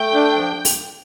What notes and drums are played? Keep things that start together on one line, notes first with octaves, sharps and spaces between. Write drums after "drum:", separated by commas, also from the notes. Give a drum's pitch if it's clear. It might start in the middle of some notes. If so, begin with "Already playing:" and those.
Already playing: A3 G5
D4
F3
drum: open hi-hat